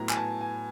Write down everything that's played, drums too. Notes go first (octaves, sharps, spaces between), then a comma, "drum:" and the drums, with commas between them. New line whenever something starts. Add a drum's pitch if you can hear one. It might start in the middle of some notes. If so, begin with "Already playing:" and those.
Already playing: A2 F#3 B3 A#5
G#5, drum: clap
A5
G#5